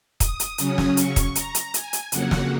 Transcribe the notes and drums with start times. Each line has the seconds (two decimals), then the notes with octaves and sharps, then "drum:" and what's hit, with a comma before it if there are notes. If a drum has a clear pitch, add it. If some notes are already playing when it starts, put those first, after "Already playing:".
0.20 D#6, drum: kick, hi-hat
0.40 drum: hi-hat
0.58 C#3 F#3 C#4, drum: hi-hat
0.78 drum: snare
0.97 C#6, drum: hi-hat
1.16 drum: kick, hi-hat
1.35 A#5, drum: hi-hat
1.55 drum: hi-hat
1.74 G#5, drum: hi-hat
1.93 drum: hi-hat
2.12 F2 C#3 F#3 A#3 F#5, drum: hi-hat
2.31 drum: snare